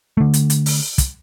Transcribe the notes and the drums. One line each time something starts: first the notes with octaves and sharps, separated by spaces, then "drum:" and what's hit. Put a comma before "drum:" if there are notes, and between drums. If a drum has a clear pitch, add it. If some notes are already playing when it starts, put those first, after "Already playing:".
D3 A3
drum: hi-hat
drum: hi-hat
drum: open hi-hat
drum: kick, hi-hat